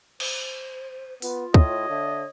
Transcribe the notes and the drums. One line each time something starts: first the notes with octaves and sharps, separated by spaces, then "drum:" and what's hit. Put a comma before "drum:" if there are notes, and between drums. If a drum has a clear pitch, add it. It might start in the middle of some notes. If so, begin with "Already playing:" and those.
C5, drum: cymbal
B3 F4, drum: open hi-hat
A2 C#5 D#5, drum: kick
D3 E5